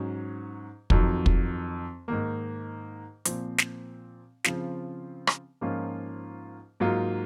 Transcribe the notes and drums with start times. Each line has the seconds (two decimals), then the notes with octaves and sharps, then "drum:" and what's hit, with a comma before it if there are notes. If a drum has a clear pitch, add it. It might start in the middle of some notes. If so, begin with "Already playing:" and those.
Already playing: G#2 F#3 C#4
0.90 F2 D#3 F#3, drum: kick
1.26 drum: kick
2.08 G#2 D#3 A#3
3.25 A#2 F3 C4, drum: hi-hat
3.58 drum: snare
4.44 C#3 F3 C4 F4, drum: snare
5.27 drum: rim click
5.61 G#2 F3 A#3 C#4 F4
6.80 G#2 F#3 A#3 F4